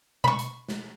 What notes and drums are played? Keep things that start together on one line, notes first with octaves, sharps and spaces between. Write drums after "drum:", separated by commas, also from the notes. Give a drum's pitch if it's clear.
B5 C#6, drum: tom B2
drum: hi-hat
drum: snare